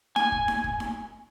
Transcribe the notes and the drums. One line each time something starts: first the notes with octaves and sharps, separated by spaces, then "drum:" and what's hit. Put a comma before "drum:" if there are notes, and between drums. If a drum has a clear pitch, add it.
G#5, drum: snare D#4
drum: kick
drum: snare D#4
drum: kick
drum: snare D#4